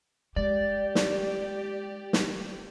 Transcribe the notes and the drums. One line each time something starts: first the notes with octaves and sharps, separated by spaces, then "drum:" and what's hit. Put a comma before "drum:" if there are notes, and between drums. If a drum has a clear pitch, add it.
G#3 G4 D5
drum: snare
drum: snare